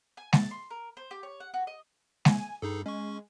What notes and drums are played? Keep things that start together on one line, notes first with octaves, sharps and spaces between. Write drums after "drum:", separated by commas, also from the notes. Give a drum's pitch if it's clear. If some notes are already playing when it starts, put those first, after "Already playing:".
G#5
A5, drum: snare G#3
C6
A#4
C5
G4
C#5
F#5
F#4
D#5
G#5, drum: snare G#3
G2 D#4 G#4 A4
G#3 C#4 C#6